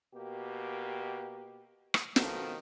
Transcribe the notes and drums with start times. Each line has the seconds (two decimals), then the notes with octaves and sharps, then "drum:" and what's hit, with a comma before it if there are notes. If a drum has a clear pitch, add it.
0.15 B2 A#3 G4
1.94 drum: rim click
2.16 B2 D#3 F3 A4, drum: snare